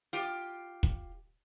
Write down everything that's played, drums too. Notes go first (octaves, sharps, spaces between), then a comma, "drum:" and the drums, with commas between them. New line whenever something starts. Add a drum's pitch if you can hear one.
F4 G4
drum: kick